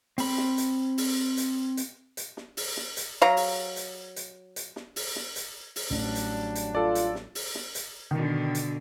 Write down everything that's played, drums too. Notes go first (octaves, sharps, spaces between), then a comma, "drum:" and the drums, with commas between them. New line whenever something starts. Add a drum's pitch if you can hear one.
C4 B5, drum: open hi-hat
drum: snare
drum: hi-hat
drum: open hi-hat
drum: hi-hat
drum: hi-hat
drum: hi-hat
drum: snare
drum: open hi-hat
drum: snare
drum: hi-hat
F#3 F5 A#5
drum: open hi-hat
drum: hi-hat
drum: hi-hat
drum: hi-hat
drum: snare
drum: open hi-hat
drum: snare
drum: hi-hat
drum: open hi-hat
A1 F#3 G3 D4
drum: hi-hat
drum: hi-hat
F4 A4 D5
drum: hi-hat
drum: snare
drum: open hi-hat
drum: snare
drum: hi-hat
B2 D3 D#3
drum: hi-hat